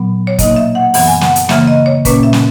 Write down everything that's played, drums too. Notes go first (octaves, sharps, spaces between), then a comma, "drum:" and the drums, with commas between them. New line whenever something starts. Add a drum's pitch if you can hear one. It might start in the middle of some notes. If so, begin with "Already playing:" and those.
Already playing: A#2 F#3 B3
C#5
B2 A#3 D#4 D#5, drum: kick, hi-hat
E5
F#5
F#2 E3 B3 F#5, drum: open hi-hat
G#5
F#5, drum: snare
drum: hi-hat
C#3 E3 A#3 E5, drum: snare
D#5
C#5
A#2 A#3 C#4 B4, drum: kick, hi-hat
E5
drum: snare